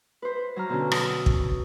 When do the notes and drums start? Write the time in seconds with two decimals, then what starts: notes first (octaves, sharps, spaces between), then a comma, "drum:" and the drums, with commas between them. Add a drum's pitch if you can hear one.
0.22 B4 C5
0.56 F#3 A#5 F6
0.69 B2 D3 C#4
0.92 D#6 E6, drum: rim click
1.26 drum: kick